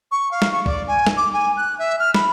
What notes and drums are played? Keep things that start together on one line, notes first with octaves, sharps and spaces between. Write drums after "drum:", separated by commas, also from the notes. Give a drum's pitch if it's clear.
C#6
F5
drum: snare
C#6
D5, drum: kick
G#5
drum: snare
D6
G#5
F#6
E5
F6
B5, drum: snare